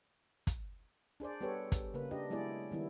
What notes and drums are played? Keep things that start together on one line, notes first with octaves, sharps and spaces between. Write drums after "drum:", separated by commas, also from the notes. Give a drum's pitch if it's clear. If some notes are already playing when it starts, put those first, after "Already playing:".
drum: kick, hi-hat
D4 G#4 C5 D5
G3 B3 G4 A4 B4 C#5
drum: kick, hi-hat
C#3 A#3 B4
D4 G4 D#5
F#3 G#3 B3 E4 G#4 D5
D#3 G3 B3 E4